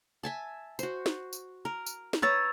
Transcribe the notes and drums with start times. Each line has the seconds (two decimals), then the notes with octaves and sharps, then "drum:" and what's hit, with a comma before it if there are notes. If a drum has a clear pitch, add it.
0.23 E5 G#5 A5
0.79 F#4 C5, drum: tambourine
1.06 drum: snare
1.33 drum: tambourine
1.65 A#4
1.86 drum: tambourine
2.13 drum: snare
2.22 B4 C#5 A#5 E6 A6